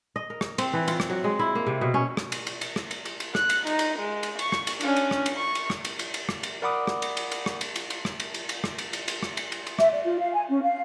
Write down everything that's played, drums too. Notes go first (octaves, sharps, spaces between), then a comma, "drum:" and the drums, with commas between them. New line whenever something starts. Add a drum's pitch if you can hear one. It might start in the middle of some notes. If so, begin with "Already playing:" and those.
D#5
A#4
drum: rim click
C4, drum: cymbal
E3
F4, drum: cymbal
drum: rim click
F#3
G#3
E4
A#3
C3
B2
C#4
drum: rim click
drum: cymbal
drum: cymbal
drum: cymbal
drum: rim click
drum: cymbal
drum: cymbal
drum: cymbal
F#6, drum: rim click
drum: cymbal
D#4, drum: cymbal
drum: cymbal
G#3
drum: cymbal
C#6, drum: cymbal
drum: rim click
drum: cymbal
C#4 D4, drum: cymbal
drum: cymbal
drum: rim click
drum: cymbal
C#6
drum: cymbal
drum: rim click
drum: cymbal
drum: cymbal
drum: cymbal
drum: rim click
drum: cymbal
A#4 D5 F#5 B5 D6 D#6
drum: rim click
drum: cymbal
drum: cymbal
drum: cymbal
drum: rim click
drum: cymbal
drum: cymbal
drum: cymbal
drum: rim click
drum: cymbal
drum: cymbal
drum: cymbal
drum: rim click
drum: cymbal
drum: cymbal
drum: cymbal
drum: rim click
drum: cymbal
drum: cymbal
drum: cymbal
E5, drum: rim click
D5
F4
F5
G#5
C#4
F5